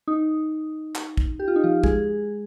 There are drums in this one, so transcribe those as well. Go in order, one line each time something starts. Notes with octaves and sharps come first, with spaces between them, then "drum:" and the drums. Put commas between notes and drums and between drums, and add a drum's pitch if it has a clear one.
D#4
drum: clap
drum: kick
G4
F4
D#4
F3 F4
G#3 G#4, drum: kick